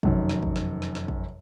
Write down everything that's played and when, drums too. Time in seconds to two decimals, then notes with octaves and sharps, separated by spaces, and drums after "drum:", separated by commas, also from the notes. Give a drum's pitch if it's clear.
0.03 F1 F#2 D#3, drum: kick
0.29 drum: snare
0.43 drum: kick
0.56 drum: snare
0.82 drum: snare
0.95 drum: snare
1.08 drum: kick